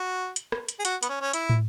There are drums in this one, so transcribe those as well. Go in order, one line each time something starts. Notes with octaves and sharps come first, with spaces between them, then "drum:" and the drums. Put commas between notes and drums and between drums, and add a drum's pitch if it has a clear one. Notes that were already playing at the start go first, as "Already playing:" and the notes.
Already playing: F#4
drum: hi-hat
drum: rim click
drum: hi-hat
G#4
F#4, drum: hi-hat
B3, drum: hi-hat
C#4
C#4
E4, drum: hi-hat
drum: tom